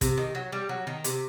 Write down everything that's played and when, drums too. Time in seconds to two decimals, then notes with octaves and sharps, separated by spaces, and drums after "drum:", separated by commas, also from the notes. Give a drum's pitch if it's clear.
0.01 C3, drum: kick, hi-hat
0.17 D#3
0.35 F#3
0.52 G3
0.69 F#3
0.87 D#3
1.04 C3, drum: hi-hat